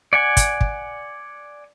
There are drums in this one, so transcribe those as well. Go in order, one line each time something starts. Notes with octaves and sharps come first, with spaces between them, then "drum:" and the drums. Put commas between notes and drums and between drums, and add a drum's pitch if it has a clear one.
D5 F#5 G#5
drum: kick, hi-hat
drum: kick